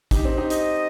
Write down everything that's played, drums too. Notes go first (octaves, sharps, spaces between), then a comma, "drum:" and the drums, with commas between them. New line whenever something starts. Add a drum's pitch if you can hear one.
D#4 G4, drum: kick, hi-hat
C4
D#4 G4
D#5, drum: hi-hat